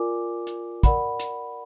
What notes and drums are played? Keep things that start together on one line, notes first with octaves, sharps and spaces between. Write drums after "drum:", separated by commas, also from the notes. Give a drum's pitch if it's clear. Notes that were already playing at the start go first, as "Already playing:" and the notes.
Already playing: F4 A#4 D5 G#5 D6
drum: hi-hat
A#4 D5 F#5 B5, drum: kick, hi-hat
drum: hi-hat